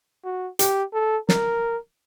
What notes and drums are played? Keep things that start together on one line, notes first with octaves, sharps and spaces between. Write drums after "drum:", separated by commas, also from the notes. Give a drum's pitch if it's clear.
F#4
G4, drum: hi-hat
A4
A#4, drum: snare